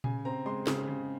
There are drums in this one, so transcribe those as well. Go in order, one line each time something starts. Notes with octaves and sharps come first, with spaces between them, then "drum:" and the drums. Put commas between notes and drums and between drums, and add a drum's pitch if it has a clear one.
C#3 G#5, drum: tom A#2
C4 A#5
G#3 C6
C#3, drum: snare
C#3